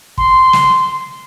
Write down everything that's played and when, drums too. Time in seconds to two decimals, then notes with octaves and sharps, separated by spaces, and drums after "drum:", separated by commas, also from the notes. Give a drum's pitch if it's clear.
0.18 C6, drum: kick
0.53 drum: snare